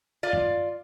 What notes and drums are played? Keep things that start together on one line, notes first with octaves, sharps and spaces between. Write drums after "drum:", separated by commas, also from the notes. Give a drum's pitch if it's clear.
F4 D5
drum: tom F#2